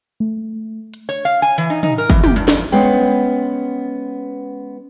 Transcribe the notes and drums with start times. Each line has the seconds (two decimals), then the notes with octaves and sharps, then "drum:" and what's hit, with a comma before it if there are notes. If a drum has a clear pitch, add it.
0.20 A3
0.94 drum: hi-hat
1.09 C#5
1.25 F5
1.42 G#5
1.58 E3
1.70 D#4
1.83 D#4, drum: tom
1.98 A#4
2.10 E3, drum: kick
2.24 G4, drum: tom
2.36 G2
2.48 F2, drum: snare
2.72 G#3 B3 C#4 G5